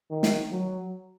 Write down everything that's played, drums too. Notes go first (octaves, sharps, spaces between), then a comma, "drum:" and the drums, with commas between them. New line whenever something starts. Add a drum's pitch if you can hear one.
D#3
drum: snare
F#3